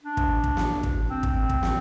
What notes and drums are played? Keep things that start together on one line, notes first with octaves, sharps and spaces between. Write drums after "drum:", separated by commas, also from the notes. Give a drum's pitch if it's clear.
D4
drum: kick
drum: kick
drum: snare
drum: kick
C4
drum: kick
drum: kick
drum: snare